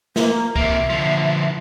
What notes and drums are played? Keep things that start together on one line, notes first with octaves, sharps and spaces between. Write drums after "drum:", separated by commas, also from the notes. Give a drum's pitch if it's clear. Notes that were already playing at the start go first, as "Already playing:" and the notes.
A#3, drum: snare
C3 A#3 E5, drum: kick
D3 F3